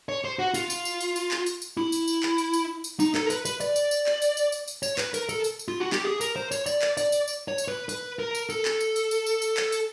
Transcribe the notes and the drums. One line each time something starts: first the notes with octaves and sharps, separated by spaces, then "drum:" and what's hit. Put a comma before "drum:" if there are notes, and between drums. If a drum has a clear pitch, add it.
C#5
C5
F#4
F4, drum: tambourine
drum: tambourine
drum: tambourine
drum: tambourine
drum: tambourine
drum: clap
drum: tambourine
drum: tambourine
E4
drum: tambourine
drum: tambourine
drum: clap
drum: tambourine
drum: tambourine
drum: tambourine
D#4, drum: tambourine
A4, drum: clap
A#4
B4, drum: tambourine
B4, drum: tambourine
D5, drum: tambourine
drum: tambourine
drum: tambourine
drum: clap
drum: tambourine
drum: tambourine
drum: tambourine
drum: tambourine
C#5, drum: tambourine
B4, drum: clap
A#4, drum: tambourine
A4, drum: tambourine
drum: tambourine
drum: tambourine
F4
F#4
G4, drum: clap
G#4
A#4, drum: tambourine
C5
C#5, drum: tambourine
D5, drum: tambourine
drum: clap
D5, drum: tambourine
drum: tambourine
drum: tambourine
C#5
drum: tambourine
B4
B4, drum: tambourine
A#4
drum: tambourine
A4, drum: tambourine
drum: clap
drum: tambourine
drum: tambourine
drum: tambourine
drum: tambourine
drum: tambourine
drum: clap
drum: tambourine